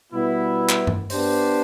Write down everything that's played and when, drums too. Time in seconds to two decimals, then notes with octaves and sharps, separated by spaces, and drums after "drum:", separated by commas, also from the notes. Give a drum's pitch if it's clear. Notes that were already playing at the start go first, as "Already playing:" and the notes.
0.11 B2 G3 B3 E4
0.69 drum: clap
0.87 drum: tom G2
1.10 B3 D4 G4 C5, drum: open hi-hat